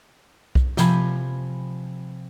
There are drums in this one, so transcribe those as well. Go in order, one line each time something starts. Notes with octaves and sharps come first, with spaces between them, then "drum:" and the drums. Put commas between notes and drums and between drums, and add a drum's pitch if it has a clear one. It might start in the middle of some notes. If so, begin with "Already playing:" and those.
drum: kick B1
C3 F3 G#5 B5, drum: snare